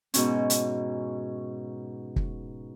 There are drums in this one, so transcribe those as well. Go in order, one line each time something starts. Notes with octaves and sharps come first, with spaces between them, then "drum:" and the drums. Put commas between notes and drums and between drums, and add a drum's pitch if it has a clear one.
G#2 B2 C#4, drum: hi-hat
drum: hi-hat
drum: kick